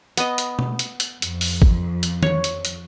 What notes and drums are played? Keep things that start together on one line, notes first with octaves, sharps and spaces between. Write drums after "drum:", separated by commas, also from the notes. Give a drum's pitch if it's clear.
B3 D#5, drum: hi-hat
drum: hi-hat
drum: tom B2
drum: hi-hat
drum: hi-hat
F2, drum: hi-hat
drum: open hi-hat
drum: kick
drum: hi-hat
C#5, drum: tom D#3
drum: hi-hat
drum: hi-hat